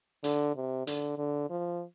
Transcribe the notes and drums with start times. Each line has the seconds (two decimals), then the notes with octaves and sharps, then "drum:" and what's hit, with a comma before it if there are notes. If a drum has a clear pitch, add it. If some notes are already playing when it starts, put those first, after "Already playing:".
0.24 D3, drum: hi-hat
0.56 C3
0.87 D3, drum: hi-hat
1.18 D3
1.50 F3